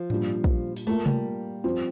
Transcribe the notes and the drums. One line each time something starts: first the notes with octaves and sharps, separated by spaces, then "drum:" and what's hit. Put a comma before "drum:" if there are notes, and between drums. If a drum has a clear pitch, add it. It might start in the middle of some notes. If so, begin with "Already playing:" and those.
Already playing: F3
A#2 G3 D4, drum: tom G#2
drum: kick
drum: open hi-hat
A3 A#3 F4 A#4
G3, drum: tom C3
F3 C4 F4 C5